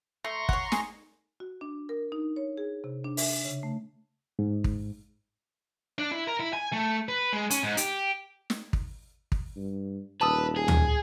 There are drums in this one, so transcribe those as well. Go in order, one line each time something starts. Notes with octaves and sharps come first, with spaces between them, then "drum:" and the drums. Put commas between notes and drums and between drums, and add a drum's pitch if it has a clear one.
A3 A#5 C6 C#6
C#5 F#5, drum: kick
G#4, drum: snare
F#4
D4
A#4
D#4
C#5
G#4
C3
D4
E5, drum: open hi-hat
C#3
A3
G#2
drum: kick
D4
E4
A#4
E4
G#5
A3
B4
G#3
C#4, drum: hi-hat
G#2
G4, drum: hi-hat
drum: snare
drum: kick
drum: kick
G2
D#1 B4 A5 D#6 E6
G#4
drum: tom